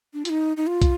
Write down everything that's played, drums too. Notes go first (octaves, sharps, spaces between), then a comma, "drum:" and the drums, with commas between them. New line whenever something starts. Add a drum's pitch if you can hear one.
D4
F4, drum: hi-hat
D#4
D#4
F4
drum: kick, hi-hat